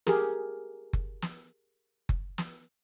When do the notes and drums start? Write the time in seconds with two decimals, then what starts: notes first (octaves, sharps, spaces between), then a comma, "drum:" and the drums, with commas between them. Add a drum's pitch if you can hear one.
0.07 G4 G#4 A#4, drum: snare
0.93 drum: kick F#1
1.22 drum: snare
2.09 drum: kick F#1
2.38 drum: snare